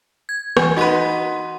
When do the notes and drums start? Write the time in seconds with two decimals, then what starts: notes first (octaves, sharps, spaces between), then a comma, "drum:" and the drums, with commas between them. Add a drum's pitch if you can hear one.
0.29 G#6
0.57 E3 G#5, drum: rim click
0.77 D#4 F#4 B4 F#5 C6